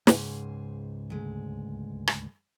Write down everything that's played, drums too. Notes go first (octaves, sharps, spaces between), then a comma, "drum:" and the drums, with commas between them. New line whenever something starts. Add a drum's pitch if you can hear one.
C#2 G#2 G#4 C5, drum: snare
D2 G#3
drum: rim click